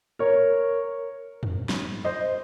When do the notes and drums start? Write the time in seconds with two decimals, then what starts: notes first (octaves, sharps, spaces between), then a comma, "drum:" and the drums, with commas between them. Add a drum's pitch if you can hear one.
0.19 A#4 C#5
1.43 drum: tom
1.69 drum: snare
2.05 C5 D#5